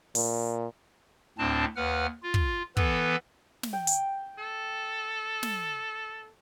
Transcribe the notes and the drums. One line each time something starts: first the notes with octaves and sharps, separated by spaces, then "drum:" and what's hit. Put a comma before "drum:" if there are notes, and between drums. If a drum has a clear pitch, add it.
A#2, drum: open hi-hat
D2 A2 C4 D4 A5
D#2 B4 F#5 F6
F4
drum: kick
E3 B3 A4 B4, drum: kick
drum: snare
G5
drum: hi-hat
A4
drum: snare